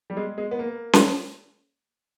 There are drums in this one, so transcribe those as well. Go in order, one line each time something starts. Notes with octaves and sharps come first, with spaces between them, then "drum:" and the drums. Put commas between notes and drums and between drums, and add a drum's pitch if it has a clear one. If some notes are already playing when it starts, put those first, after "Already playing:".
G3
G#3
G#3
B3
A#3
drum: snare C#4